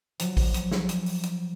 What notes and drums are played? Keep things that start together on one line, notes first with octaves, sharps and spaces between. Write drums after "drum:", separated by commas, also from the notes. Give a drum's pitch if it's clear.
F3 F#3, drum: hi-hat
drum: kick A1, open hi-hat
drum: hi-hat
drum: snare
drum: hi-hat
drum: open hi-hat
drum: hi-hat